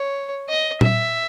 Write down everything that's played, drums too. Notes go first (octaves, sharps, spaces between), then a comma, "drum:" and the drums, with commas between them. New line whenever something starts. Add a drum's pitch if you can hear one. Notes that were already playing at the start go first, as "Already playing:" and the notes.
Already playing: C#5
D#5
E5, drum: tom A#2